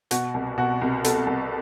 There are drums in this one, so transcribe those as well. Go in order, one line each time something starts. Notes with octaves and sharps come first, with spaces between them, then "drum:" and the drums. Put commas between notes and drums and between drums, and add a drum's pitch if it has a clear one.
B2 F#4, drum: hi-hat
C2
B2 F#4
C2
B2 A4, drum: hi-hat
C2